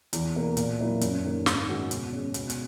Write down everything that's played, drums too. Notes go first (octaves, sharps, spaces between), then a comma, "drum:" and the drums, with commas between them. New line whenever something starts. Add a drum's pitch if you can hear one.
E2, drum: hi-hat
B2 A#3
A#2, drum: hi-hat
F#3 A#3 E4
F#2, drum: hi-hat
D#3 A#3
G#2, drum: snare
D#3 G#3 C#4 F#4
B2, drum: hi-hat
G#3 C#4
B2, drum: hi-hat
drum: hi-hat